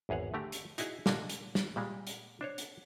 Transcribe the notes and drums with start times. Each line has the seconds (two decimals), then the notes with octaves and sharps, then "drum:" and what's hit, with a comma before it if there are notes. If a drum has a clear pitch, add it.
0.09 G#1 E2 G#4 C#5 F#5
0.34 D3 A3 G4 A#5
0.52 drum: hi-hat
0.78 D#4 E4 F#4 G#4, drum: hi-hat
1.06 A#2 D3 A#3 D4 D#5, drum: snare
1.29 drum: hi-hat
1.55 drum: snare
1.76 A#2 G3 G#3
2.07 drum: hi-hat
2.41 D4 C5 C#5
2.58 drum: hi-hat